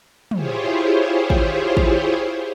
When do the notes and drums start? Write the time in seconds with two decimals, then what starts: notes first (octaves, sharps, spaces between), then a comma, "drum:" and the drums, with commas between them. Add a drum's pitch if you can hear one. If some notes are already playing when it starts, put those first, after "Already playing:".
0.31 E4 F4 G4 G#4 C5 C#5, drum: tom
1.30 drum: kick
1.77 drum: kick